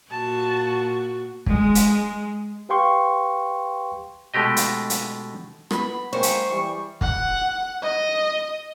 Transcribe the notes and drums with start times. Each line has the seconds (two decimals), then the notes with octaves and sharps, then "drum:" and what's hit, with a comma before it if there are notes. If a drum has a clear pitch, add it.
0.11 A#2 F#4 A5
1.46 G#3, drum: kick
1.75 drum: hi-hat
2.69 G4 B4 F5 G5 C6 C#6
4.34 B2 G#3 A3 G4 D#5
4.57 drum: hi-hat
4.90 drum: hi-hat
5.71 B3 B5, drum: rim click
6.13 G#3 A#3 C5 G5 C#6
6.23 drum: hi-hat
6.49 E3 G3 C#6
7.01 F#5, drum: kick
7.82 D#5